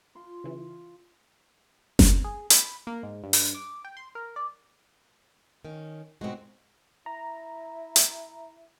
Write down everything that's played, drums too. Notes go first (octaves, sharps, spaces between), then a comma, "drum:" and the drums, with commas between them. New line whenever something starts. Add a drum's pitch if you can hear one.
F4 C6
C#3 E3
drum: snare F#1
G#4
B5, drum: hi-hat
A#3
G#2
G2
drum: open hi-hat
D6
G5
C6
A#4
D5
D#3 C#4
B2 G#3 C4 D#4 F#4
E4 A#5
drum: hi-hat